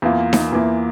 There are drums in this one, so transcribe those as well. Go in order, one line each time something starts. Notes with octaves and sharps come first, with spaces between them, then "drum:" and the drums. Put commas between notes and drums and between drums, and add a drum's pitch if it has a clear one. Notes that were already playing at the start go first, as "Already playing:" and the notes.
E2 E3 A#3 F4
drum: snare D#4
E2 E3 A#3 F4